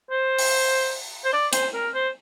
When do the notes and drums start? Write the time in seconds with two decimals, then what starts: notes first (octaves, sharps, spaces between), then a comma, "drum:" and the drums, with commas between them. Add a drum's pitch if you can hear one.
0.10 C5
0.39 drum: open hi-hat
1.25 C5
1.33 D5
1.53 C5, drum: hi-hat
1.74 A#4
1.94 C5